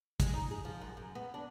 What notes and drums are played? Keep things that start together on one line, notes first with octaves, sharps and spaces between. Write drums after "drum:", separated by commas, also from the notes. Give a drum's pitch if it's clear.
G#3, drum: kick, hi-hat
D#4
G#4
F3
F#2
F#2
B3
D4